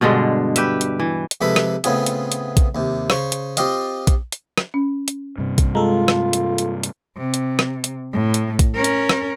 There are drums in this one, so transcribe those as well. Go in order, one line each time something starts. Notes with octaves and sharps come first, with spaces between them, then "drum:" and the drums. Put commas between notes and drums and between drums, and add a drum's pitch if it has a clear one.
G2 B2 D3 G#3
G4 B4 E5, drum: hi-hat
drum: hi-hat
E3
drum: hi-hat
F2 C3 G#3 A4 B4 B5
drum: rim click
A2 C#3 B3 C4 F4 G#4, drum: hi-hat
drum: hi-hat
drum: hi-hat
drum: kick A#1, hi-hat
D#2 C3
C#3 C5 C#6, drum: rim click
drum: hi-hat
C4 F4 G4 D#5 F5, drum: hi-hat
drum: kick A#1, hi-hat
drum: hi-hat
drum: rim click
C#4
drum: hi-hat
G2 C3
drum: kick A#1, hi-hat
G#3 F4 A4 A#5
drum: rim click
drum: hi-hat
drum: hi-hat
drum: hi-hat
C3
drum: hi-hat
drum: rim click
drum: hi-hat
A2
drum: hi-hat
drum: kick A#1, hi-hat
C#4 A#4
drum: hi-hat
drum: rim click